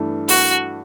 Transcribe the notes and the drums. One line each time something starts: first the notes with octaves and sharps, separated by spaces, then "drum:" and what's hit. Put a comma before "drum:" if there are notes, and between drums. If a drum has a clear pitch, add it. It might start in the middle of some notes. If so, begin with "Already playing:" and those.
Already playing: G2 E3 A3 D4
F#4, drum: open hi-hat